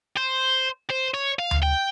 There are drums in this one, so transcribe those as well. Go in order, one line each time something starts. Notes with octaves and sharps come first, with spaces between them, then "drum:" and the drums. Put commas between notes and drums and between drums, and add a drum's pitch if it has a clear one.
C5
C5
C#5
F5
drum: tom D2
G5